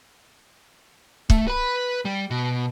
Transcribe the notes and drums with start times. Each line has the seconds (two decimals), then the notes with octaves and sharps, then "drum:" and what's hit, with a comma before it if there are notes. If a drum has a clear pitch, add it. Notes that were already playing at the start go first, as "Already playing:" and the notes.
1.30 A3, drum: kick
1.48 B4 B5
2.05 G3
2.30 B2